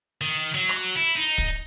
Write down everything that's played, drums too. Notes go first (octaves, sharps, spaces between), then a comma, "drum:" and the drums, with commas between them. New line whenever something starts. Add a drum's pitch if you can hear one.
D#3
F#3
drum: rim click
E4
D#4
drum: kick